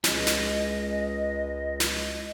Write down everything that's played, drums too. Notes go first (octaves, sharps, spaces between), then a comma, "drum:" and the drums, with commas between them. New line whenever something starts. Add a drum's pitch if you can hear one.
C#2 G#3 C#4 D#5, drum: snare
drum: snare
drum: snare